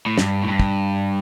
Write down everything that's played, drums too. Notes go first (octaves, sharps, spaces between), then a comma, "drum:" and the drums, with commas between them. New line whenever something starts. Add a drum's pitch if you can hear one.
A2
G2, drum: snare
A2
G2
drum: kick